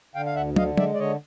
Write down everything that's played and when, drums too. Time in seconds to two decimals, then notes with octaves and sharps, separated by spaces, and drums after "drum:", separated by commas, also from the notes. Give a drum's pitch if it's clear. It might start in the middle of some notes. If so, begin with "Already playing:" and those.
0.15 D3 F5 G5
0.26 F5
0.35 D2 E5 F#5
0.56 D3 D#5 F5, drum: tom
0.77 G#3 D5 E5, drum: tom
0.94 D5
0.99 D3 C#5 D#5